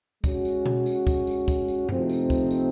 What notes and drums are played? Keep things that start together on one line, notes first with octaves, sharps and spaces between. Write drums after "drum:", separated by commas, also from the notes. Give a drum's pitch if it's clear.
G#3 C#4 F#4, drum: kick, tambourine
drum: tambourine
drum: tom B2
drum: tambourine
drum: kick, tambourine
drum: tambourine
drum: kick, tambourine
drum: tambourine
C3 F3 A3 C4 D#4, drum: tom F#2
drum: tambourine
drum: kick, tambourine
drum: tambourine